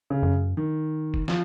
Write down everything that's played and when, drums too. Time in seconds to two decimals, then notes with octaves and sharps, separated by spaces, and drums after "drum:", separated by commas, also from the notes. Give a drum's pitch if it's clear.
0.10 C#3
0.23 F#2
0.57 D#3
1.14 drum: kick
1.28 F3, drum: snare